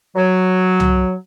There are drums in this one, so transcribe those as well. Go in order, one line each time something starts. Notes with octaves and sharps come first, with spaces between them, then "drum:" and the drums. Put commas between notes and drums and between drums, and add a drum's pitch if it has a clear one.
F#3
drum: tom C2